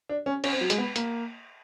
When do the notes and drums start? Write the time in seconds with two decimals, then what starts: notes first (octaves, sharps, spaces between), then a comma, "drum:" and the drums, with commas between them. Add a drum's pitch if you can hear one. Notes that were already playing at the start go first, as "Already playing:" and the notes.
0.09 D4
0.26 C#4
0.44 C#4, drum: cymbal
0.53 C4
0.61 F#3
0.70 G#3, drum: hi-hat
0.78 B3
0.96 A#3, drum: hi-hat